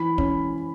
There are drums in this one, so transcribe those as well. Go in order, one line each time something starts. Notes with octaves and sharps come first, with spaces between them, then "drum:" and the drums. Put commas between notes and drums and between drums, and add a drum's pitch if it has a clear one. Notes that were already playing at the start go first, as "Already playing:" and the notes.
Already playing: E3 B5
C#4, drum: kick